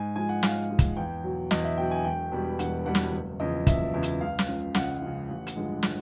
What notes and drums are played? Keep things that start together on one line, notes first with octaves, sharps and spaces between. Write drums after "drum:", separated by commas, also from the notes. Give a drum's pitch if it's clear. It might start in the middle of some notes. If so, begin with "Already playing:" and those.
Already playing: G#2 G#5
F3 G#3 G#5
F#5
G#2 F5, drum: snare
F3 G#3
drum: kick, hi-hat
E2 G5
B2 F#3
E2 D#5, drum: snare
E5
B2 F#3 G5
G#5
E1 G5
E2 B2 G3 B3
E1 F#5, drum: hi-hat
E2 B2 G3 B3 F#5
drum: snare
F#1
E2 C#3 F3 D#5
F#1 E5, drum: kick, hi-hat
E2 C#3 F3
drum: hi-hat
C#2 F5
drum: snare
C#3 F3
C#2 F#5, drum: snare
C#3 F3
A1
drum: hi-hat
G2 D3 F3 G#3
drum: snare